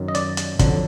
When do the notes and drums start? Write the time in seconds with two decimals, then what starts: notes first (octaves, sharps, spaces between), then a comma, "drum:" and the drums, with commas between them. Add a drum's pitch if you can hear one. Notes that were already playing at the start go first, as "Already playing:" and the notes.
Already playing: F#2 D#3 F#3
0.08 D#5
0.15 D5, drum: hi-hat
0.37 drum: hi-hat
0.59 F2 D3 F#3, drum: kick, hi-hat